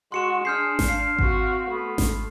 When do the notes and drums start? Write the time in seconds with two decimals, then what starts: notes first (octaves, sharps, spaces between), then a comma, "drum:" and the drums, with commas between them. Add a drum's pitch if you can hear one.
0.12 G#3 F#4 C6 C#7 E7
0.45 D4 G#4 F6 G6 C7
0.79 drum: snare G#1
0.88 F5 C7
1.19 C4 F#4, drum: kick G#1
1.70 A3 B3
1.98 drum: snare G#1